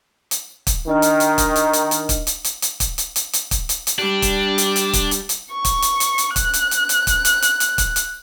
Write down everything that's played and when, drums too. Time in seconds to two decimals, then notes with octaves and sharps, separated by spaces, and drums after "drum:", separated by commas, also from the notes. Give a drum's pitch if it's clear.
0.31 drum: hi-hat
0.67 drum: kick, hi-hat
0.88 D#3 D4 D#5 F6
1.02 drum: hi-hat
1.20 drum: hi-hat
1.38 drum: kick, hi-hat
1.56 drum: hi-hat
1.73 drum: hi-hat
1.91 drum: hi-hat
2.09 drum: kick, hi-hat
2.27 drum: hi-hat
2.44 drum: hi-hat
2.62 drum: hi-hat
2.80 drum: kick, hi-hat
2.98 drum: hi-hat
3.16 drum: hi-hat
3.33 drum: hi-hat
3.51 drum: kick, hi-hat
3.69 drum: hi-hat
3.87 drum: hi-hat
3.99 G3 D4
4.22 drum: kick, hi-hat
4.58 drum: hi-hat
4.76 drum: hi-hat
4.93 drum: kick, hi-hat
5.11 drum: hi-hat
5.29 drum: hi-hat
5.52 C#6
5.65 drum: kick, hi-hat
5.82 drum: hi-hat
6.00 drum: hi-hat
6.18 drum: hi-hat
6.36 F#6, drum: kick, hi-hat
6.53 drum: hi-hat
6.71 drum: hi-hat
6.89 drum: hi-hat
7.07 drum: kick, hi-hat
7.25 drum: hi-hat
7.42 drum: hi-hat
7.60 drum: hi-hat
7.78 drum: kick, hi-hat
7.96 drum: hi-hat